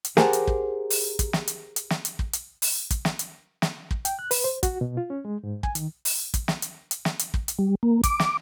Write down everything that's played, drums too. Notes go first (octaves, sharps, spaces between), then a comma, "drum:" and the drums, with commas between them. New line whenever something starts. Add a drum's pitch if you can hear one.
drum: hi-hat
G4 G#4 A#4 C5 F#5 A5, drum: snare
drum: hi-hat
drum: kick
drum: open hi-hat
drum: kick, hi-hat
drum: snare
drum: hi-hat
drum: hi-hat
drum: snare
drum: hi-hat
drum: kick
drum: hi-hat
drum: open hi-hat
drum: kick, hi-hat
drum: snare
drum: hi-hat
drum: snare
drum: kick
G5, drum: hi-hat
F#6
B4, drum: open hi-hat
C5
F#4, drum: kick, hi-hat
B2
F4
C#4
G#3
G#2
G#5, drum: kick
D#3, drum: hi-hat
drum: open hi-hat
drum: kick, hi-hat
drum: snare
drum: hi-hat
drum: hi-hat
drum: snare
drum: hi-hat
drum: kick
drum: hi-hat
G3
A#3
D6, drum: kick, hi-hat
drum: snare